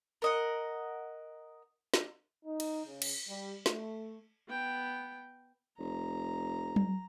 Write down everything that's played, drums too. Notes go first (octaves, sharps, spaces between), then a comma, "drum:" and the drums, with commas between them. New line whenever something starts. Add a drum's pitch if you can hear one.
A#4 D#5 F#5
drum: snare
D#4
drum: cymbal
C#3
drum: cymbal
G3
A3, drum: snare
B3 G5
F1 A#5
drum: tom F#3